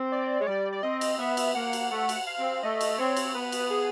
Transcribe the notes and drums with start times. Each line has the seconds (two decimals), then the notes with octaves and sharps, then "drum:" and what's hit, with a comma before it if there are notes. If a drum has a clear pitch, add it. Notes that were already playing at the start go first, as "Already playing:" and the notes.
Already playing: C4
0.12 D5
0.40 G#3 C#5
0.47 G3 D5
0.72 D5
0.83 C4 D#5
1.01 drum: cymbal
1.19 B3 E5
1.37 drum: cymbal
1.55 A#3 F#5
1.73 drum: cymbal
1.91 A3 F#5
2.09 drum: cymbal
2.27 F5
2.39 C4
2.63 A3 D#5
2.81 drum: cymbal
2.98 C4 C#5
3.16 drum: cymbal
3.34 B3 B4
3.52 drum: cymbal
3.70 G#4